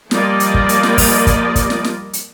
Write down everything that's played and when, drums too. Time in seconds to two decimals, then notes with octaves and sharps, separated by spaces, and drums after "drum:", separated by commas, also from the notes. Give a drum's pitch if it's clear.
0.11 F3 G3 A#3 D5 D#5, drum: snare
0.40 drum: hi-hat
0.54 drum: kick
0.69 drum: hi-hat
0.83 drum: snare
0.98 drum: kick, open hi-hat
1.27 drum: kick, hi-hat
1.56 drum: kick, hi-hat
1.70 drum: snare
1.84 drum: snare
2.13 drum: hi-hat